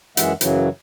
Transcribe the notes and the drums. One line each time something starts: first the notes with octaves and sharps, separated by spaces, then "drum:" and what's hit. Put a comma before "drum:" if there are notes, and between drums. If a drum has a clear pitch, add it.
F#2 E3 G#3 E5 F#5, drum: hi-hat
F#2 C#3 E3 F#3, drum: hi-hat